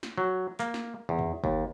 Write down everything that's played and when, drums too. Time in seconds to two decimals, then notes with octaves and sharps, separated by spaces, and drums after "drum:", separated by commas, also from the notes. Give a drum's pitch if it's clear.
0.03 drum: snare
0.18 F#3
0.60 A#3, drum: clap
0.74 drum: snare
1.09 E2
1.19 drum: tom
1.44 D#2, drum: kick G1